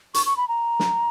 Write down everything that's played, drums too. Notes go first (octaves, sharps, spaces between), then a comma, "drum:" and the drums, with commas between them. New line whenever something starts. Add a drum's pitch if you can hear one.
C#6, drum: hi-hat
C#6
B5
A#5
drum: snare